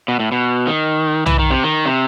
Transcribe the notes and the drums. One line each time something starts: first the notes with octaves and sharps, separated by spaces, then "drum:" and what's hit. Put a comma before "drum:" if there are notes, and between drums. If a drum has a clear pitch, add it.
B2
A2
B2
D#3
E3, drum: tom
D#3
C3
D#3
C3